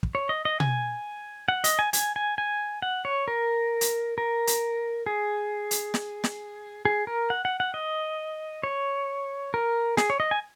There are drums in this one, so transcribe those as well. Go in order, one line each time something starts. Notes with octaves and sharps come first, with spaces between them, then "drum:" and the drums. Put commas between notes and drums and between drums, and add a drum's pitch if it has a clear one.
drum: kick
C#5
D#5
D#5
G#5, drum: tom B2
F#5
D#5, drum: hi-hat
G#5
G#5, drum: hi-hat
G#5
G#5
F#5
C#5
A#4
drum: hi-hat
A#4
drum: hi-hat
G#4
drum: hi-hat
drum: snare
drum: snare
G#4
A#4
F#5
F#5
F#5
D#5
C#5
A#4
G#4, drum: snare
C#5
D#5
G#5